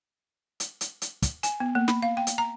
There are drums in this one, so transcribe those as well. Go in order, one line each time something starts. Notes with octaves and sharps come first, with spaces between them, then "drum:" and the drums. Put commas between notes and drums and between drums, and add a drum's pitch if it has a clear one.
drum: hi-hat
drum: hi-hat
drum: hi-hat
drum: kick, hi-hat
G#5, drum: hi-hat
B3
A#3
B5, drum: snare
F5
G5
drum: hi-hat
A#5